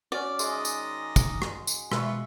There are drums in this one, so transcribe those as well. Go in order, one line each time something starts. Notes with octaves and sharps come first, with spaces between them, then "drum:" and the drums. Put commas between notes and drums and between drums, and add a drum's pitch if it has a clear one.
C#4 F#4 D5
D#3 G#3 D#5 D#6, drum: tambourine
drum: tambourine
drum: kick, tambourine
drum: rim click
drum: tambourine
B2 G#3 F4 B4 E5 B5 C#6, drum: rim click